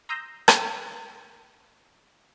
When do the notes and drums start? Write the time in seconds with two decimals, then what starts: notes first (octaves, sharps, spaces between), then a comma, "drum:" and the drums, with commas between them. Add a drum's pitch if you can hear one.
0.09 A#5 C6 D#6 E6 G6 A#6
0.48 drum: rim click